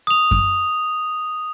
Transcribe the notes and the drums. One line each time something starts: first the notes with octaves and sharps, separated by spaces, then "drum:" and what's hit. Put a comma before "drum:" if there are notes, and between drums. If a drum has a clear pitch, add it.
D#6 F7
drum: kick F#2